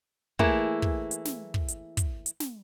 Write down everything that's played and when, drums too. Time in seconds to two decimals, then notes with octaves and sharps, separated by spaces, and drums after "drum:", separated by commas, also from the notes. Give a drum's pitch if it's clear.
0.39 E3 A3 A#3 E4 G#4, drum: kick
0.82 drum: kick
1.11 drum: hi-hat
1.25 drum: snare
1.54 drum: kick
1.68 drum: hi-hat
1.97 drum: kick, hi-hat
2.26 drum: hi-hat
2.40 drum: snare